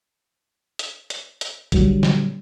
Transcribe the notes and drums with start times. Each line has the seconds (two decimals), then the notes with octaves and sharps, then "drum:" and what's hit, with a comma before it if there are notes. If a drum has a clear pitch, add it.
0.79 drum: hi-hat
1.10 drum: hi-hat
1.41 drum: hi-hat
1.72 A#2 D3 F#3 G3, drum: kick A#1, hi-hat
2.03 drum: snare